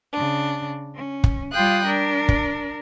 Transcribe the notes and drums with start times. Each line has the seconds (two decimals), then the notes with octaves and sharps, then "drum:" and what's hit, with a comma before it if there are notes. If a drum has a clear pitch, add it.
0.13 C#3 D4
0.95 C#4
1.24 drum: kick
1.53 G3 F4 F5 G5 D#6 F#6
1.87 D4 A#4
2.29 drum: kick